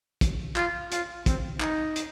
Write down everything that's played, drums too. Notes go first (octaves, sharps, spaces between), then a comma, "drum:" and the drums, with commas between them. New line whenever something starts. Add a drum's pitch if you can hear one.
drum: kick, hi-hat
F4, drum: clap
F4, drum: hi-hat
C4, drum: kick, hi-hat
D#4, drum: clap
drum: hi-hat